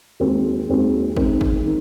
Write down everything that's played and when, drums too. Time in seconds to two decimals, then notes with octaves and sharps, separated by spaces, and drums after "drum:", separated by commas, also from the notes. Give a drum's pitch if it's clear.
0.20 D#2 D#3 G#3 C4 F#4
0.69 D#2 D#3 G#3 C4 F#4
1.16 D#3 G#3 C4 D#4, drum: kick
1.41 drum: kick
1.65 D#3